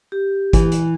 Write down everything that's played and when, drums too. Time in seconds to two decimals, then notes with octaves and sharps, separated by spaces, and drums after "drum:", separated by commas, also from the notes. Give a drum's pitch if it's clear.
0.12 G4
0.53 E3, drum: kick, hi-hat
0.72 drum: hi-hat